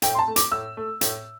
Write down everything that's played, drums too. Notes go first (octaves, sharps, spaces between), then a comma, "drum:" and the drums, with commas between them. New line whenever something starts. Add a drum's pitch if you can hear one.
A2 G5, drum: hi-hat
C6
A5
A3
D6, drum: hi-hat
A2 E6
A3
A2, drum: hi-hat